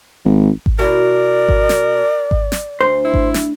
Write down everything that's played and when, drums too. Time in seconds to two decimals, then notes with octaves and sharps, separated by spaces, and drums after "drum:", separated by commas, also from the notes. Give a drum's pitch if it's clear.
0.25 G#1
0.66 drum: kick G#1
0.79 B2 E4 F#4 A#4 D5
1.49 drum: kick G#1
1.69 drum: snare
2.31 drum: kick G#1
2.52 drum: snare
2.81 D2 C5
3.04 E4
3.14 drum: kick G#1
3.34 drum: snare